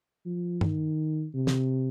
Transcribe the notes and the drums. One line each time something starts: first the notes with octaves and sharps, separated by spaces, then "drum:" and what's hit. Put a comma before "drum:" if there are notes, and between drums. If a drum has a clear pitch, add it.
F3
D#3, drum: tom
C3
drum: snare